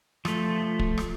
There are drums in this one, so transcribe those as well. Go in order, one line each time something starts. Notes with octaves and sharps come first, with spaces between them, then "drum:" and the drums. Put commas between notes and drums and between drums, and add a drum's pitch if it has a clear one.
F3 A3, drum: rim click
drum: kick
drum: rim click